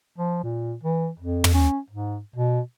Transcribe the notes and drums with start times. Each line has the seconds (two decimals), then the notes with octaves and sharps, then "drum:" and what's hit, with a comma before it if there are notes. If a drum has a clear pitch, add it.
0.18 F3
0.43 A#2
0.83 E3
1.19 F2
1.44 drum: tom
1.54 C#4
1.90 G#2
2.36 B2